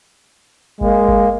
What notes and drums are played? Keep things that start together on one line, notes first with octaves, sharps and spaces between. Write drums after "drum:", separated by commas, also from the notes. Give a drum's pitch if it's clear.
G#3 A#3, drum: kick G1
drum: kick G1